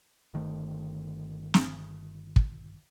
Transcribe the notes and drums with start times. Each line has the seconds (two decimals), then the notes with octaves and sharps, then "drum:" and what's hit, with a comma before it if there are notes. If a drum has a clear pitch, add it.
0.34 G1 D#3 A3
1.54 drum: snare
2.36 drum: kick